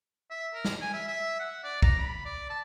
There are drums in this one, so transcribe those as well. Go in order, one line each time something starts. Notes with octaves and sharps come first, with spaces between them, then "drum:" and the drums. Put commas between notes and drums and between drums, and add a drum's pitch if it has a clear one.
E5
A#4
drum: snare
G#5
E5
E5
F#5
D5
A#5, drum: kick B1
B5
D5
A5